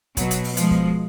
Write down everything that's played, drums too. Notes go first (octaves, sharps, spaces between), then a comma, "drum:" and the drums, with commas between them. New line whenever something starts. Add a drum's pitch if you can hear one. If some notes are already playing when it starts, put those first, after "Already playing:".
B2 F#3, drum: kick, hi-hat
drum: hi-hat
drum: open hi-hat
F3 G#3, drum: hi-hat
drum: kick